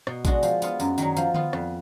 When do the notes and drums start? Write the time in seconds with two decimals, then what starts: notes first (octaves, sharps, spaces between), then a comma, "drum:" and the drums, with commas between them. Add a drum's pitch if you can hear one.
0.07 B2, drum: rim click
0.25 G#3 D4 F#4, drum: kick A1, tambourine
0.43 F3, drum: tambourine
0.62 B3 F4, drum: tambourine
0.80 F#2, drum: tambourine
0.98 D#3 F#3, drum: tambourine
1.17 F3, drum: tambourine
1.34 B3 F4, drum: tom D3
1.53 F2, drum: rim click